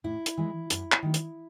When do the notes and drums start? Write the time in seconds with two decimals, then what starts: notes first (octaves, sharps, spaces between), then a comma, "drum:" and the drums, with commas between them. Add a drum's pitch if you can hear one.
0.04 A2 E4
0.26 drum: hi-hat
0.37 E3 G#3
0.70 F#2, drum: hi-hat
0.92 drum: clap
1.02 D#3 F#3 A3
1.14 drum: hi-hat